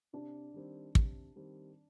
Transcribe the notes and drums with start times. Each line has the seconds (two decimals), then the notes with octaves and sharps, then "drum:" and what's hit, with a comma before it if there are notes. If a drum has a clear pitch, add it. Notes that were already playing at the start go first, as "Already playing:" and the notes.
0.13 C3 D4
0.54 D#3 G3 C4
0.95 C3, drum: kick
1.36 D#3 G3 C4